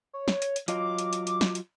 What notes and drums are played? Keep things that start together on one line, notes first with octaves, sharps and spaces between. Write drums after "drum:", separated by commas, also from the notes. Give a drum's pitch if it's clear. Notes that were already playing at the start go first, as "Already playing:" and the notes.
C#5
drum: snare
drum: hi-hat
drum: hi-hat
F#3 F4 D#5 D6, drum: hi-hat
drum: hi-hat
drum: hi-hat
drum: hi-hat
drum: snare
drum: hi-hat